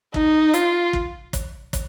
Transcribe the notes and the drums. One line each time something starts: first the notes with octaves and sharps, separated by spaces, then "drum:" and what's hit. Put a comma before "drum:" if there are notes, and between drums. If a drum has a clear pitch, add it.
D#4, drum: kick
F4, drum: hi-hat
drum: kick
drum: kick, hi-hat
drum: kick, hi-hat